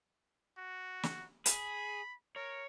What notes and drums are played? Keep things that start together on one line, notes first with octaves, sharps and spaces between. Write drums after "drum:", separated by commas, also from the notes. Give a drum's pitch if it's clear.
F#4
drum: snare
G#4 B5, drum: hi-hat
A#4 C#5